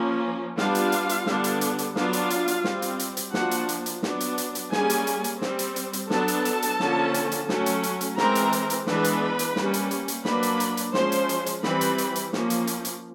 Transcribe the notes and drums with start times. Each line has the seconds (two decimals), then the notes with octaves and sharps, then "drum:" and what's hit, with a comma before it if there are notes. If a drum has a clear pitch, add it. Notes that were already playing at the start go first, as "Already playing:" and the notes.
Already playing: F3 A#3 C#4
0.58 G3 B3 D4 F4 F5, drum: snare
0.75 drum: hi-hat
0.92 drum: hi-hat
1.09 drum: hi-hat
1.26 D3 G3 B3 D4, drum: snare
1.44 drum: hi-hat
1.61 drum: hi-hat
1.78 drum: hi-hat
1.96 F#3 B3 D4 F4 F5, drum: snare
2.13 drum: hi-hat
2.30 drum: hi-hat
2.48 drum: hi-hat
2.64 G3 C4, drum: snare
2.82 drum: hi-hat
2.99 drum: hi-hat
3.17 drum: hi-hat
3.34 F3 A#3 D4 F#4 F#5, drum: snare
3.51 drum: hi-hat
3.69 drum: hi-hat
3.86 drum: hi-hat
4.03 F#3 B3 D4, drum: snare
4.20 drum: hi-hat
4.38 drum: hi-hat
4.55 drum: hi-hat
4.72 G3 A#3 C#4 G#4 G#5, drum: snare
4.90 drum: hi-hat
5.07 drum: hi-hat
5.24 drum: hi-hat
5.42 G3 C4, drum: snare
5.59 drum: hi-hat
5.76 drum: hi-hat
5.93 drum: hi-hat
6.10 F#3 B3 D4 A4 A5, drum: snare
6.28 drum: hi-hat
6.45 drum: hi-hat
6.62 drum: hi-hat
6.80 D3 F3 A#3 C#4, drum: snare
7.14 drum: hi-hat
7.32 drum: hi-hat
7.49 F#3 A3 C#4, drum: snare
7.66 drum: hi-hat
7.83 drum: hi-hat
8.01 drum: hi-hat
8.17 E3 G#3 C4 A#4 A#5, drum: snare
8.35 drum: hi-hat
8.53 drum: hi-hat
8.70 drum: hi-hat
8.87 E3 G#3 B3 D4 B4 B5, drum: snare
9.04 drum: hi-hat
9.39 drum: hi-hat
9.56 G3 A#3 C#4, drum: snare
9.74 drum: hi-hat
9.91 drum: hi-hat
10.08 drum: hi-hat
10.25 F#3 A#3 D4 B4 B5, drum: snare
10.43 drum: hi-hat
10.60 drum: hi-hat
10.77 drum: hi-hat
10.94 F3 G#3 C#4 C5 C6, drum: snare
11.12 drum: hi-hat
11.29 drum: hi-hat
11.46 drum: hi-hat
11.63 E3 G3 C4 B4 B5, drum: snare
11.81 drum: hi-hat
11.98 drum: hi-hat
12.16 drum: hi-hat
12.33 F3 A#3 C#4, drum: snare
12.50 drum: hi-hat
12.67 drum: hi-hat
12.85 drum: hi-hat